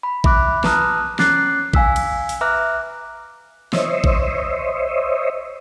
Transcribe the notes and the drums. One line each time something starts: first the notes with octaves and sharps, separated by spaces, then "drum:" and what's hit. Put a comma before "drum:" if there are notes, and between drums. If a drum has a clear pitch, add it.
B5
E5 B5 D6 F#6, drum: kick A1
B4 A5 A#5 D#6 F6 F#6, drum: snare
C#4 D6 F#6 A6 C7, drum: snare
F5 G#5 E6 B6, drum: kick A1
drum: cymbal
drum: open hi-hat
B4 E5 A#5 D6 F6 F#6
C5 C#5 D#5 E5, drum: snare
drum: kick A1